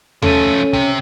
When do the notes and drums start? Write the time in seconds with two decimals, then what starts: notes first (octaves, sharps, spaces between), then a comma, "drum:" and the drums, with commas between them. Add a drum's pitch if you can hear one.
0.22 F3 A3 C#4 A4 D#7, drum: tom D#2
0.73 C3, drum: kick